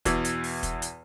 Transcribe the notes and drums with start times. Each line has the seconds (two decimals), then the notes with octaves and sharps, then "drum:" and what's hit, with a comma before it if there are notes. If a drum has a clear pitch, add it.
0.05 E2 B2 E3, drum: kick, hi-hat
0.25 drum: hi-hat
0.44 drum: open hi-hat
0.63 drum: kick, hi-hat
0.82 drum: hi-hat